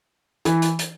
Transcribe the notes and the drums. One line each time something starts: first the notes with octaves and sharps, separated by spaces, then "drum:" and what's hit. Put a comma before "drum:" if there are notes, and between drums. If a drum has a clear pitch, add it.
E3, drum: hi-hat
drum: hi-hat
drum: hi-hat